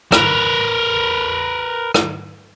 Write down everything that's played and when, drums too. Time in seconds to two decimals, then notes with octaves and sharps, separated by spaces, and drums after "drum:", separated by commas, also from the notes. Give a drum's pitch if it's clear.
0.12 A#4 B4, drum: rim click
1.94 drum: rim click